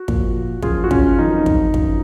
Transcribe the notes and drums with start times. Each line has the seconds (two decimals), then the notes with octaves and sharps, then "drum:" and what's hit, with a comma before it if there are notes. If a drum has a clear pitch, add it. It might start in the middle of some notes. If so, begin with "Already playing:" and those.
Already playing: F#4
0.08 A#2 F3, drum: kick
0.62 F#2 F3 F4 G#4, drum: kick
0.84 F#4
0.91 C#4 F4, drum: kick
1.19 F2 D#3 F#3 D#4
1.46 drum: kick
1.74 F#2 F3, drum: kick